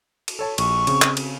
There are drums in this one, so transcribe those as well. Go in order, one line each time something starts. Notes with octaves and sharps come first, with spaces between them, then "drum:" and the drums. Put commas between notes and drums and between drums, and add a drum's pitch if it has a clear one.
drum: cymbal
A4 C#5 A5
A#1 C#6, drum: cymbal
C#3 C4, drum: cymbal
drum: clap
drum: cymbal